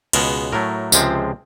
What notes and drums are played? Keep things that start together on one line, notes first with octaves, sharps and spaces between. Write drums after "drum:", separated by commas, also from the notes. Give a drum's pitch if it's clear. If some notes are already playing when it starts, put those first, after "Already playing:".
C#2 B2 G#3 B3 A#4, drum: cymbal
A2 F#3 A3 A#4
C#2 C3 F3 G#3 C4, drum: tambourine